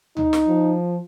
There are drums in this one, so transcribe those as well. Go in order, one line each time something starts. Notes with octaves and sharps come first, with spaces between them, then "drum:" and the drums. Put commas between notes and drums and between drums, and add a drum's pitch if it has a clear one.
D#4, drum: tom D2
drum: snare
F3